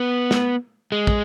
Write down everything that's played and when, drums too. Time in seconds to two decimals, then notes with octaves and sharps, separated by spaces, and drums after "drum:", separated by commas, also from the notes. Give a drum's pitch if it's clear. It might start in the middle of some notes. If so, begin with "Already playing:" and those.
Already playing: B3
0.31 drum: snare
0.92 G#3
1.07 drum: kick